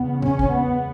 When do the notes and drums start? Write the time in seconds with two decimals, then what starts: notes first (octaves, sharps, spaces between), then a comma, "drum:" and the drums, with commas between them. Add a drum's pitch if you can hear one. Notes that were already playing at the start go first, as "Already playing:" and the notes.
Already playing: E2 C#3 B3
0.22 C#4, drum: tom A#2
0.39 drum: kick
0.52 B3